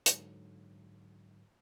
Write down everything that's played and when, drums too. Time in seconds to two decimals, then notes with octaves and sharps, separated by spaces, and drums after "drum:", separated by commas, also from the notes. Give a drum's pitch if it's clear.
0.06 G#2 D3 F#3, drum: hi-hat